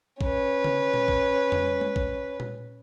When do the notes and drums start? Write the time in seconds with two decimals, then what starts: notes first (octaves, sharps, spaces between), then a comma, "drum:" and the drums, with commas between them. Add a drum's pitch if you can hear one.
0.21 C#4 B4, drum: kick A#1
0.64 drum: tom C#3
0.94 drum: tom A#2
1.08 drum: kick A#1
1.52 drum: tom F2
1.81 drum: tom G#3
1.96 drum: kick A#1
2.40 drum: tom A#2